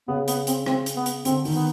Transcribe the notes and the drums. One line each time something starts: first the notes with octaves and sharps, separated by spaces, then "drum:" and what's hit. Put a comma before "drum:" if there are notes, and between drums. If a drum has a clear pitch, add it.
C#3 B3
B3, drum: hi-hat
C4, drum: hi-hat
C4, drum: rim click
drum: hi-hat
B3
drum: hi-hat
D3 C4, drum: hi-hat
D#3, drum: open hi-hat
B3